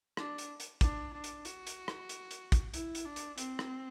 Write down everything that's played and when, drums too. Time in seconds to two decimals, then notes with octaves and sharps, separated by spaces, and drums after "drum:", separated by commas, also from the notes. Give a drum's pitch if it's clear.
0.17 D4, drum: rim click
0.38 drum: hi-hat
0.60 drum: hi-hat
0.81 D4, drum: kick, hi-hat
1.13 D4
1.24 drum: hi-hat
1.45 F#4, drum: hi-hat
1.67 drum: hi-hat
1.88 drum: rim click
2.09 drum: hi-hat
2.31 drum: hi-hat
2.52 drum: kick, hi-hat
2.74 E4, drum: hi-hat
2.95 drum: hi-hat
3.05 D4
3.16 drum: hi-hat
3.38 C4, drum: hi-hat
3.59 drum: rim click